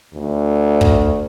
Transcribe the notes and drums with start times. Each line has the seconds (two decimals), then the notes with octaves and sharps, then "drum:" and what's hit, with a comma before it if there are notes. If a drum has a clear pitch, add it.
0.14 D2
0.81 drum: kick